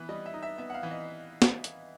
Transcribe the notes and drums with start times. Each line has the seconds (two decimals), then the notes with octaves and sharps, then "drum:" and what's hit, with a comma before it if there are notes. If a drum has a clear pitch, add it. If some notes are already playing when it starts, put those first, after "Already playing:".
Already playing: E3 B3 B4
0.09 G3 D#5
0.26 E5
0.34 D#4
0.42 E5
0.58 B3 E5
0.70 F#5
0.74 F5
0.83 E3
0.91 D#5
1.42 drum: snare
1.64 drum: hi-hat